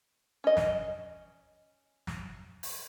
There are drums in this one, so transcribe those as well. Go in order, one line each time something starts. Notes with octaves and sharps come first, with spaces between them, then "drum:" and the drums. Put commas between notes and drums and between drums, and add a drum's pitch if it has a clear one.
C#4 D#5
drum: snare
drum: snare
drum: open hi-hat